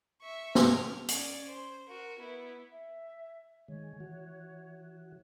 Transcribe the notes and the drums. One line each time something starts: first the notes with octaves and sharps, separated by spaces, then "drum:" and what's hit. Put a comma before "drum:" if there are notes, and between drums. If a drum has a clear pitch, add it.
E5 C#6
F6, drum: snare
C#4 D5, drum: hi-hat
C5
F#4 A#4
B3 E4
E5
D#3 G#3 C#5
E3 F#4